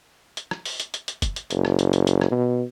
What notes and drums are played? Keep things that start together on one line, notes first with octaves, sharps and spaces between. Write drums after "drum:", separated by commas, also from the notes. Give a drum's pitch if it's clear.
drum: hi-hat
drum: rim click
drum: open hi-hat
drum: hi-hat
drum: hi-hat
drum: hi-hat
drum: kick, hi-hat
drum: hi-hat
F#1, drum: hi-hat
drum: rim click
drum: hi-hat
drum: hi-hat
drum: hi-hat
drum: rim click
B2